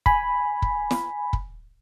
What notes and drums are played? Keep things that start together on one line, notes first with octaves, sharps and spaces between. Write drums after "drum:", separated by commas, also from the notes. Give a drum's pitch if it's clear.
G#5 B5, drum: kick
drum: kick
drum: snare
drum: kick